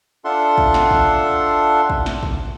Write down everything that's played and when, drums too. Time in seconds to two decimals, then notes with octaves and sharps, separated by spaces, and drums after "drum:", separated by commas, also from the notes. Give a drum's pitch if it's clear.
0.25 D4 F4 A4 E5 F#5 C6
0.58 drum: kick
0.74 drum: snare
0.91 drum: kick
1.90 drum: kick
2.06 drum: snare
2.23 drum: kick